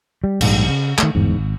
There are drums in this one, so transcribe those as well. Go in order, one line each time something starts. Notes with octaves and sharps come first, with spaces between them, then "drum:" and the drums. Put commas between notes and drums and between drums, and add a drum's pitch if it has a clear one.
G3
A#1 G#2 C3 G3, drum: cymbal
C#3
D#3 A3, drum: clap
G1 E2 G#2
G#1